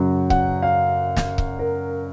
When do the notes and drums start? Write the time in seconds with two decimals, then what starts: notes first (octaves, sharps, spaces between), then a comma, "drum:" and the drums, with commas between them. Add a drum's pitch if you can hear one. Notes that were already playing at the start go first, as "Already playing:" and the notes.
Already playing: F#2 C#3 F#3 F#5
0.30 F#5, drum: kick C#1
0.63 F5
1.17 drum: snare
1.38 drum: kick C#1
1.59 A#4